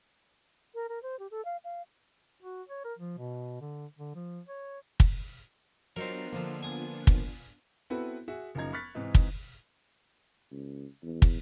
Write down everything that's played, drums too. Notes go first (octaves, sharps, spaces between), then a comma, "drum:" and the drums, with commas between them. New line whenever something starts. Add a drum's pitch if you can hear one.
A#4
A#4
C5
G4
A4
F5
F5
F#4
C#5
A#4
F3
B2
D3
D3
F3
C#5
drum: kick
F#3 B3 C4 D4 D#4 F4 A#4
D3 F3 A#3
G#5 D#6
drum: kick
B3 C4 E4 F#4 A4 B4
F#4 G#4 E5
F#1 F#2 F3 D#4 A#5 G#6
B5 C#6 F6 F#6 A6 B6
G#2 C3 E3 D#4
drum: kick
C#2
E2
drum: kick